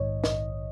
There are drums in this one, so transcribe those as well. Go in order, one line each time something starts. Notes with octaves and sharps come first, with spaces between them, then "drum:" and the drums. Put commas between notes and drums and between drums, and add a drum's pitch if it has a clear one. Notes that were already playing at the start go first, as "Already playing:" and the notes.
Already playing: A#1 G#2 D#3 C#5 D#5
A#1 D#5, drum: snare